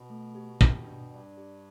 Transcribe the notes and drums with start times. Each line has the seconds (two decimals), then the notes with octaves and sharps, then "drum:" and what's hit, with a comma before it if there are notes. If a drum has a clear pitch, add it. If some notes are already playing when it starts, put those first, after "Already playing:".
Already playing: B2
0.10 A3
0.35 G4
0.61 G5, drum: kick
0.86 D4
1.12 G2 D5
1.37 G4